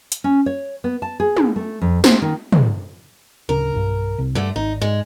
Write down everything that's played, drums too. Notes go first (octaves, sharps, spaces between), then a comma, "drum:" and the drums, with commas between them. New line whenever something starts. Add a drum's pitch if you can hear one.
drum: hi-hat
C#4
C#5
B3
A5
G#4
drum: tom
A3
F2
C5, drum: snare
D#3
drum: tom
D1 C#3 D4 A#4
B1 G2
C2
G2 D3 A3
G#1 D#4
G#2 G#3